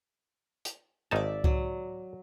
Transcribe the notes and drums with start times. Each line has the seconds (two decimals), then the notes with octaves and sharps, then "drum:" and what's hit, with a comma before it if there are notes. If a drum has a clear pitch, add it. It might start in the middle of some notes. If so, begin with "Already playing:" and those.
0.65 drum: hi-hat
1.11 G#1 D#4 D5 E5 A5
1.44 F#3, drum: kick C2